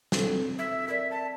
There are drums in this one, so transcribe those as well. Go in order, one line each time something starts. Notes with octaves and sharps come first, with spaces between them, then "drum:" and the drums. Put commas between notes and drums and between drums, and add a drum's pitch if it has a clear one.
C4 A4, drum: snare
E5
A#4 D5 E5
A5